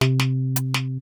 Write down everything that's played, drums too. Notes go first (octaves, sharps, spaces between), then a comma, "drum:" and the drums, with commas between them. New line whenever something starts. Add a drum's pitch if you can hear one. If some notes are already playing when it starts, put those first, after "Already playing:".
C3, drum: snare
drum: snare
drum: hi-hat
drum: snare